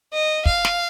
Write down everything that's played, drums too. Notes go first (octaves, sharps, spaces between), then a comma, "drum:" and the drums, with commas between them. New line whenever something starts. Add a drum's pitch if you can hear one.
D#5
F5, drum: kick
drum: snare